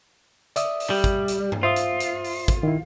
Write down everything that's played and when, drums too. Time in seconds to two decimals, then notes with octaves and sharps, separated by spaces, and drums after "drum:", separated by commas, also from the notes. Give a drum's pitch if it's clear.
0.56 D5 E5 D#6, drum: hi-hat
0.80 drum: open hi-hat
0.90 G3
1.04 drum: kick, hi-hat
1.28 drum: hi-hat
1.52 drum: tom G2
1.63 F4 C5 E5 D#6
1.76 drum: hi-hat
2.00 drum: hi-hat
2.24 drum: open hi-hat
2.48 drum: kick, hi-hat
2.63 D#3 E4